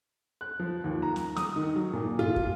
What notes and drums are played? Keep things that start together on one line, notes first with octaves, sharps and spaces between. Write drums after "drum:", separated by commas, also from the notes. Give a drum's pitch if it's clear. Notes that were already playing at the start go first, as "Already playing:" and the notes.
F#6
F3
D#2
A#5
drum: snare
D#6, drum: snare
D#3
F#3
A#2
F4, drum: tom F#2
drum: kick